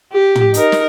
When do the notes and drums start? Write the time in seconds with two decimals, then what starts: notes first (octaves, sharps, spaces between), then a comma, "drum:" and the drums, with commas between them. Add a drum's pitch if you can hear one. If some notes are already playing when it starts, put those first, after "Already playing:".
0.13 G4
0.35 drum: tom
0.54 D#4 A#4, drum: hi-hat
0.72 drum: snare